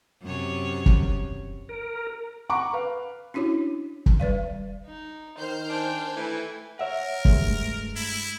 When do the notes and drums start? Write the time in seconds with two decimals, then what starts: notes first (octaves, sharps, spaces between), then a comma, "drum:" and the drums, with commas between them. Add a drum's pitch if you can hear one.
0.22 F#2 C3 C#5
0.86 drum: kick
1.69 A#4
2.50 F#5 A#5 B5 C#6 D6 D7
2.73 B4 F5
3.34 C#4 D4 E4 F#4 C#5
4.06 drum: kick
4.20 G3 B4 D5 F5
4.86 D#4
5.39 D#3 C5 C6 F6 G6
5.70 D4 G5 G#5
6.16 E3 A3 E4
6.79 A#4 C#5 E5 F#5
7.25 G2 G#3 A3, drum: kick
7.96 E4